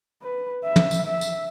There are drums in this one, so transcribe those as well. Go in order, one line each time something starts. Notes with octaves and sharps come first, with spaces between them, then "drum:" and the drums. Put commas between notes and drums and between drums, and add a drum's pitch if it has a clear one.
B4
E5
drum: tom
drum: tambourine
E5
drum: tambourine